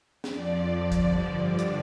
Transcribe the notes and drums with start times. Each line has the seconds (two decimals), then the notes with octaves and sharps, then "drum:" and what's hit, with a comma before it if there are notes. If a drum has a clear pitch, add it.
0.24 F2 F3 D5, drum: snare
0.92 G2 D3 F3 D5, drum: kick, hi-hat
1.59 drum: hi-hat